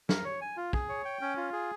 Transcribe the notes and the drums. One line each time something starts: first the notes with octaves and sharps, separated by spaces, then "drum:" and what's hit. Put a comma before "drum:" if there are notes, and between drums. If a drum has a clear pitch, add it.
A#4, drum: snare
C#5
G#5
F4
G#4, drum: kick
C#5
G5
C#4
F4
G#4